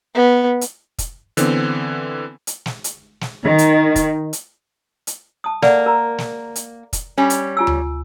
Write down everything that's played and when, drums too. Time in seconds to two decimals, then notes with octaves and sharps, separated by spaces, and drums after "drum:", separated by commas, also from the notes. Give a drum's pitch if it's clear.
0.15 B3
0.61 drum: hi-hat
0.99 drum: kick, hi-hat
1.37 D3 E3 B3 C4, drum: hi-hat
2.47 drum: hi-hat
2.66 drum: snare
2.84 drum: hi-hat
3.21 drum: snare
3.43 D#3
3.58 drum: hi-hat
3.96 drum: kick, hi-hat
4.33 drum: hi-hat
5.07 drum: hi-hat
5.44 A5 D#6
5.62 A#3 D5 F#5, drum: snare
5.86 A#4 A#5
6.18 drum: snare
6.56 drum: hi-hat
6.93 drum: kick, hi-hat
7.18 G3 C#4
7.30 drum: hi-hat
7.57 F4 G#5 E6
7.67 drum: tom D2